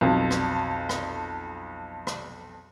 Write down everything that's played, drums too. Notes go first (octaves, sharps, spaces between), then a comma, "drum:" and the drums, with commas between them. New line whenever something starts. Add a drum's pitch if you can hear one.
B1 F2
drum: rim click
drum: rim click
drum: rim click